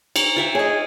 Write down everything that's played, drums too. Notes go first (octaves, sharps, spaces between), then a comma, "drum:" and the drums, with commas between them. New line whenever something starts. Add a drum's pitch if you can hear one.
A#5, drum: cymbal
F4 E5 G5
G#4 C#5 D#5